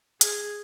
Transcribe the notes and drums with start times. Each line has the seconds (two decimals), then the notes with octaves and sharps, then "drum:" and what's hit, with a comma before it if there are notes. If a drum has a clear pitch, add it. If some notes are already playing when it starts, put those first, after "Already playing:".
0.21 G#4, drum: hi-hat